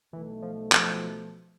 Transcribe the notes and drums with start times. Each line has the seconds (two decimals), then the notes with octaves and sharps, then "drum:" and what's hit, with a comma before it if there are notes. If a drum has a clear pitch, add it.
0.13 B1 B2 E3 A3
0.42 F3
0.72 F3, drum: clap